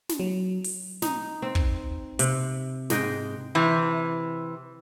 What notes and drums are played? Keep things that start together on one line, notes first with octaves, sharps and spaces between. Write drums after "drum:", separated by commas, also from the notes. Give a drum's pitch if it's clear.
drum: snare
F#3
drum: open hi-hat
D#4, drum: snare
C4
drum: kick
C3, drum: hi-hat
G#2 G#3 D#5 G5, drum: snare
C3 E3